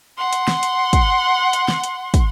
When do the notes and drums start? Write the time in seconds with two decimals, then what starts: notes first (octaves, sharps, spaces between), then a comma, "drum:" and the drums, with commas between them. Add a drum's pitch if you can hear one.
0.17 F#5 C6
0.33 drum: hi-hat
0.48 drum: snare
0.63 drum: hi-hat
0.93 drum: kick, hi-hat
1.53 drum: hi-hat
1.68 drum: snare
1.84 drum: hi-hat
2.14 drum: kick, hi-hat